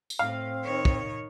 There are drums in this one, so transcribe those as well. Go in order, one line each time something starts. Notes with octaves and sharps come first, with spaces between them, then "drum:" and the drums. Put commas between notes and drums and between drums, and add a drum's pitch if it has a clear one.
drum: tambourine
A2 C4 F5
D#3 C#5
drum: kick